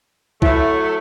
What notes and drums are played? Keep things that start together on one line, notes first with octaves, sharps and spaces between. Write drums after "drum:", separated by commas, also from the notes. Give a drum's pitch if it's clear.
F#3 A3 E4, drum: kick